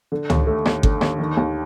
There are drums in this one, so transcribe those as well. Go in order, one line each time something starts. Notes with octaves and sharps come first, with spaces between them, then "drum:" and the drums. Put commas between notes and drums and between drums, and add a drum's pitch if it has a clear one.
D3
D#2, drum: tom
A3
D#2, drum: rim click
D3, drum: kick G1
D#2, drum: rim click
D#3
D#2